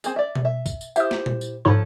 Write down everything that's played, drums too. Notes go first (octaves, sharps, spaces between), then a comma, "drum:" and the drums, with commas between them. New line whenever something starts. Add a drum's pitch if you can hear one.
C4 G#4, drum: tambourine
D5 E5
drum: tom B2
E5
drum: kick, tambourine
drum: tambourine
E4 G4 C5 E5 D#6, drum: tambourine
drum: snare
drum: tom A#2
drum: tambourine
G#2 F3 D#4 A4 C#5 B5